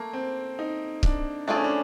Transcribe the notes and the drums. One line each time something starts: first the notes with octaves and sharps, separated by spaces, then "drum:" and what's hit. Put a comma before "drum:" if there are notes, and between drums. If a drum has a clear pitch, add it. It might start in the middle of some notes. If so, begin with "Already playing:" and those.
Already playing: A3 A#3
C4
D#4
D4, drum: kick C#1
E3 A3 C4 D4 F4 G#4
C#4
D4